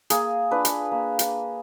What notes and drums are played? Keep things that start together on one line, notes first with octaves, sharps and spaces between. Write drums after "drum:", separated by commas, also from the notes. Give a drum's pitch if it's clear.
A#3 G#4, drum: hi-hat
D4 F4 B4
drum: hi-hat
A#3
drum: hi-hat